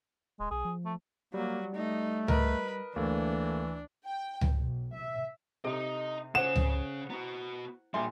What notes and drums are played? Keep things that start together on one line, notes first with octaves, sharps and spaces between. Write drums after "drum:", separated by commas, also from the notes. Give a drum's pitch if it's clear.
D1 G#3
B1 G#4
F3
A3
F#3 G3 A#3
A3 D#4
A#4 B4 D#5, drum: tom C#2
D2 E3 A#3 D4 A4
G5
drum: tom C#2
B1
E5
C3 D#4 A4 D#5
C#3 C#4 A4 C5 F#5 E7
drum: tom C#2
B3 E4 F#4
A#1 G3 E5 G#5 C6